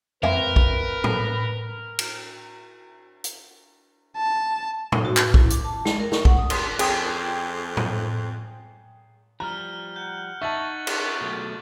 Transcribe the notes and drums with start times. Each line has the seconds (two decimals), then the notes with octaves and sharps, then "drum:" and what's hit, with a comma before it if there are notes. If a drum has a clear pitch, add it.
0.23 C4 A#4 B4 E5 F5, drum: tom F2
0.56 drum: kick
1.04 drum: tom A2
1.99 drum: cymbal
3.24 drum: hi-hat
4.17 A5
4.92 D#4, drum: tom A2
5.05 F#4
5.17 B4, drum: clap
5.34 E4, drum: kick
5.50 D6, drum: hi-hat
5.64 A5
5.85 G#3, drum: snare
6.00 A#4
6.12 C#6, drum: snare
6.25 F#5, drum: kick
6.37 D#6
6.50 C6, drum: cymbal
6.79 F2 G#4 G5 D#6, drum: cymbal
7.77 drum: tom A2
9.40 F3 G3 A#5 F6 F#6
9.96 F#5 G6
10.42 D#4 E5 A5 C#6 A6 F#7
10.87 drum: cymbal
11.21 B2 F#3 A3